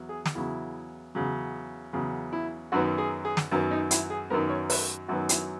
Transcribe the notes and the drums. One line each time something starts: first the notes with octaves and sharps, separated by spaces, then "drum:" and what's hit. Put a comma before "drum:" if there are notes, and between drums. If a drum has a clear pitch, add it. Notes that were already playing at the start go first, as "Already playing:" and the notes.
Already playing: E2 F#3
G#4
drum: snare
E2 C#3 F#3 E4
E2 C#3 F#3
E2 C#3 F#3
E4
F#2 D#3 F#3 B3 F#4
G#4
G#4
drum: snare
F#2 D#3 F#3 B3 A#4
D#4
E4, drum: hi-hat
G#4
F#2 D#3 F#3 B3 A#4
C#5
B4, drum: open hi-hat
F#2 D#3 F#3 B3 F#4
E4, drum: hi-hat